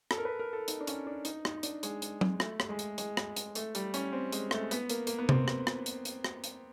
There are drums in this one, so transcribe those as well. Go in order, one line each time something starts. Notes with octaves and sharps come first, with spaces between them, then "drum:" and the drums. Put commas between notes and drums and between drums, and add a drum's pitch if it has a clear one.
A4, drum: rim click
A#4
B4
A#4
A4
D#4, drum: hi-hat
D4
C#4, drum: hi-hat
D4
D#4, drum: hi-hat
D#4, drum: rim click
D4, drum: hi-hat
G#3, drum: hi-hat
drum: hi-hat
drum: tom F#3
A3, drum: rim click
drum: rim click
G#3
drum: hi-hat
G#3, drum: hi-hat
drum: rim click
drum: hi-hat
A3, drum: hi-hat
G3, drum: hi-hat
C#4, drum: hi-hat
C4
G#3, drum: hi-hat
A3, drum: rim click
B3, drum: hi-hat
A#3, drum: hi-hat
A#3, drum: hi-hat
B3
C4, drum: tom C3
drum: rim click
drum: rim click
drum: hi-hat
drum: hi-hat
drum: rim click
drum: hi-hat